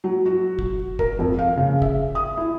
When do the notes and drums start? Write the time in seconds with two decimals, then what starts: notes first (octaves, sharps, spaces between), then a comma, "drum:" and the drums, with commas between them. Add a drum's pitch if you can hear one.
0.04 F#3
0.26 F#4
0.59 drum: kick
0.99 A#4, drum: kick
1.19 F2
1.39 F5
1.57 C#3
1.82 E5, drum: kick
2.15 D#6
2.37 E4